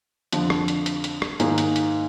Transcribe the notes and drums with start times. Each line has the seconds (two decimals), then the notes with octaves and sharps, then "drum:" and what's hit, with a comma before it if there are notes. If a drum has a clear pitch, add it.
0.33 F2 D3 F3, drum: hi-hat
0.50 drum: rim click
0.68 drum: hi-hat
0.86 drum: hi-hat
1.04 drum: hi-hat
1.22 drum: rim click
1.40 G#2 D#3 A#3 D#4 G#4, drum: hi-hat
1.58 drum: hi-hat
1.76 drum: hi-hat